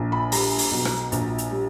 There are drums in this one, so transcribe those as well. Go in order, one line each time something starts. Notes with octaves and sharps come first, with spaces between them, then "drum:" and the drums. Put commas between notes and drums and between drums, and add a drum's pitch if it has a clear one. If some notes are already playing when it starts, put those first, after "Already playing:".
Already playing: A#1
B5
G3 A#5, drum: open hi-hat
drum: open hi-hat
B1
drum: rim click
A#1, drum: hi-hat
drum: hi-hat
G3